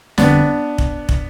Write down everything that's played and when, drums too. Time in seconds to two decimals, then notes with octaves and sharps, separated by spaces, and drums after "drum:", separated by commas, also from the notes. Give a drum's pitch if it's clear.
0.18 G1 F2 D3 G3 B3 C4 D4, drum: snare
0.78 drum: kick
1.09 drum: kick